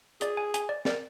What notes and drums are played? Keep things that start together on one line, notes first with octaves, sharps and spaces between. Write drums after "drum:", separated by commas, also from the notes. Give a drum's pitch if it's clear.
G#4 D5, drum: hi-hat
G#5
G#5, drum: hi-hat
D5
A#4 D5, drum: snare